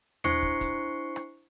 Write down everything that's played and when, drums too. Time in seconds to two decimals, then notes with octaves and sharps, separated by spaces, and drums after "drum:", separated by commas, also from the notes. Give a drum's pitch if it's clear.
0.24 D4 E4 C5 C#6 C7 C#7, drum: tom D#2
0.43 drum: kick
0.61 drum: kick, hi-hat
1.16 drum: rim click